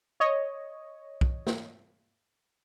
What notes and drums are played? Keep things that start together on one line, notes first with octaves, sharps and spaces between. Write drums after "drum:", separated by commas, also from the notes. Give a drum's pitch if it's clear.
C#5 D#5
drum: kick B1
drum: snare